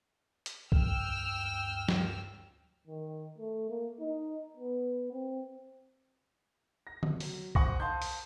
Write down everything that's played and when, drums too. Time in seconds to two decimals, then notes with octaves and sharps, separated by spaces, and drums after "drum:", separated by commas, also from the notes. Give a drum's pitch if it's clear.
0.46 drum: hi-hat
0.72 D2 G2 G5 E6 F6, drum: kick B1
1.88 drum: snare
2.88 D#3
3.38 A3
3.70 A#3
4.00 D#4
4.57 B3
5.13 C4
6.87 A#6
7.03 drum: tom D3
7.20 F#3, drum: open hi-hat
7.55 C5 F#5 C#6 D#6 A#6, drum: kick B1
7.80 F5 A5 C6 D#6 G6
8.02 drum: open hi-hat